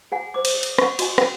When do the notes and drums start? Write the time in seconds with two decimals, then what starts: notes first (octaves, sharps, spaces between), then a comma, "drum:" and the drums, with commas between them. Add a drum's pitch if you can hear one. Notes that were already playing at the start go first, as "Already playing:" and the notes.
0.12 G#4 F#5 G#5
0.34 C5 D6
0.45 drum: cymbal
0.54 G#4
0.63 drum: cymbal
0.78 F#5 C#6, drum: rim click
0.99 F#4 D#5 G#5, drum: cymbal
1.18 G#4 F#5 G5, drum: rim click